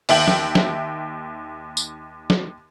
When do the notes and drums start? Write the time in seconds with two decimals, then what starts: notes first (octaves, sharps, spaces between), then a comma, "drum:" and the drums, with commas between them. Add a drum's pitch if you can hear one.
0.09 D#2 E5 G5 F#7, drum: open hi-hat
0.28 drum: snare
0.55 drum: snare
1.77 drum: tambourine
2.30 drum: snare